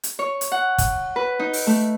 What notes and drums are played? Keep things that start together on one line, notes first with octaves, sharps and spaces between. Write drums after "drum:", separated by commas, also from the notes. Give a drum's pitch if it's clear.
drum: hi-hat
C#5
drum: hi-hat
F#5
drum: kick, hi-hat
B4
D#4
drum: open hi-hat
A3